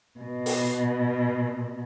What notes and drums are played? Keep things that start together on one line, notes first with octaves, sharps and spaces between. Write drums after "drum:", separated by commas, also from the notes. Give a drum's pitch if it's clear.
B2
drum: open hi-hat